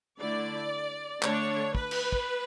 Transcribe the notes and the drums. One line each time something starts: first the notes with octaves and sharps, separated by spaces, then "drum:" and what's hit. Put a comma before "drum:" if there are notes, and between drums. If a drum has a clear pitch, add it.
D3 A3 E4 D5
D3 A3 D4 C#5, drum: clap
B4, drum: kick
drum: cymbal
drum: kick